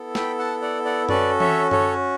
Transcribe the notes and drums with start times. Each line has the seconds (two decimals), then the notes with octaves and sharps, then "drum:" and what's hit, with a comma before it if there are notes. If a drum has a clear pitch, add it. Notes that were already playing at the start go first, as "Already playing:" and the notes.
Already playing: B3 E4 A4
0.15 G5 B5, drum: snare
0.39 F#5 A5
0.62 D5 F#5
0.85 D5 F#5
1.09 C#4 F#4 A4 B4 D5, drum: tom F#2
1.40 C#5 E5, drum: tom E3
1.71 A4 C#5, drum: tom F#2